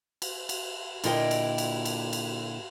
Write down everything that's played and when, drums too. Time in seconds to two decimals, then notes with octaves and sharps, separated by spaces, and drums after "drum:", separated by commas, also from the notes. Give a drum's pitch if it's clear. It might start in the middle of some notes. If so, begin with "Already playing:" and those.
0.22 drum: cymbal
0.49 drum: cymbal
1.04 A#2 D3 E4 F4 D#5 G5, drum: cymbal
1.31 drum: cymbal
1.58 drum: cymbal
1.85 drum: cymbal
2.13 drum: cymbal